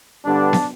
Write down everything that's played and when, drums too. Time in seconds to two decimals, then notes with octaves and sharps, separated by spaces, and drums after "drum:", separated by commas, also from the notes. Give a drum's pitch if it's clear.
0.24 G2 D3 G3 B3 D4
0.53 drum: snare